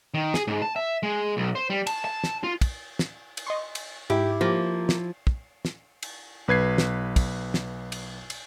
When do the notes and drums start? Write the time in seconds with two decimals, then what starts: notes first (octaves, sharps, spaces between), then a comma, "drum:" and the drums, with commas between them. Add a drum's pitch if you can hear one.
0.14 D#3
0.34 G#4, drum: snare
0.48 G#2
0.62 A5
0.76 E5
1.03 G#3
1.37 B1
1.55 C5
1.70 G3
1.87 A5, drum: cymbal
2.05 A5
2.24 drum: snare
2.44 F4
2.61 drum: kick, cymbal
2.99 drum: snare
3.37 drum: cymbal
3.47 D#5 C6 C#6
3.75 drum: cymbal
4.10 G#2 E4 G4
4.41 F3 A#3 G4
4.89 drum: snare
5.27 drum: kick
5.65 drum: snare
6.03 drum: cymbal
6.48 B1 B4 G#6 C7
6.78 drum: snare
7.16 drum: kick, cymbal
7.54 drum: snare
7.92 drum: cymbal
8.30 drum: cymbal